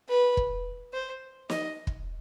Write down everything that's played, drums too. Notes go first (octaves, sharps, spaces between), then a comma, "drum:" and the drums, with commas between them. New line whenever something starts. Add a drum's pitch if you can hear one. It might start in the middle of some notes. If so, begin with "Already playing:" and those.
B4
drum: kick
C5
D#5, drum: snare
drum: kick